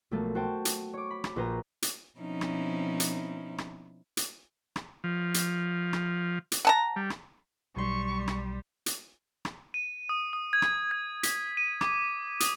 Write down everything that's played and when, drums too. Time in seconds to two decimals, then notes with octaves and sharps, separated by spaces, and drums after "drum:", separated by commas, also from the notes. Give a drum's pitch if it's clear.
0.11 B1 F3 A3 A#3 A6
0.35 F#4 C5 G5 A5
0.65 drum: hi-hat
0.94 C#5 D6
1.11 B5
1.24 drum: rim click
1.36 A#1 B4 C5 A#5 D#7
1.82 drum: hi-hat
2.19 B2 F3 C4 C#4 D#4 E4
2.41 drum: rim click
3.00 drum: hi-hat
3.58 drum: rim click
4.17 drum: hi-hat
4.76 drum: rim click
5.04 F3
5.34 drum: hi-hat
5.93 drum: rim click
6.52 drum: hi-hat
6.65 F#5 A5 A#5
6.96 G3
7.10 drum: rim click
7.77 B1 G3 C6 C#6
8.28 drum: rim click
8.86 drum: hi-hat
9.45 drum: rim click
9.74 D#7
10.09 D#6
10.33 D#6
10.53 G#6
10.62 drum: rim click
10.91 G#6
11.23 B6, drum: hi-hat
11.57 D#7
11.81 D6, drum: rim click
12.40 D#6, drum: hi-hat